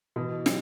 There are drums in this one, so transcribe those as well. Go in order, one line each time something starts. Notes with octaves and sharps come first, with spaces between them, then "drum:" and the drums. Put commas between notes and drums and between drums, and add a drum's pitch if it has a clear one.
B2 E3
F#3, drum: snare